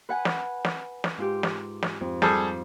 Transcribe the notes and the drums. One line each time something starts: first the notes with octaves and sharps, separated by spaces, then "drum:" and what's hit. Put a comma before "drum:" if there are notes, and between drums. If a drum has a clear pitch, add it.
B4 F#5 G#5
drum: snare
drum: snare
drum: snare
G#2 F4 G4
drum: snare
drum: snare
F2
G3 G#4 A4, drum: snare